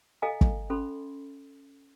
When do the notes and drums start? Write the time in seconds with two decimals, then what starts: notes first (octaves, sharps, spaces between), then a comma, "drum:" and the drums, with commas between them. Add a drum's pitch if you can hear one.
0.22 A4 D#5 F5 G#5 A#5
0.41 drum: kick
0.70 C#4 A4 B5 C6